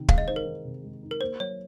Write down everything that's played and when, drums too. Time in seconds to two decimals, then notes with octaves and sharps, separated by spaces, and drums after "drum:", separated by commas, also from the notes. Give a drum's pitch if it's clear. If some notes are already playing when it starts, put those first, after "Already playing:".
Already playing: C3 D#3
0.09 G#3 F5, drum: kick
0.18 D#5
0.27 D#4 C5
0.36 A#4
0.46 D#3
0.65 C3
0.83 G#3
1.02 D#4
1.11 A#4
1.21 A#3 C5
1.40 F#3 C#5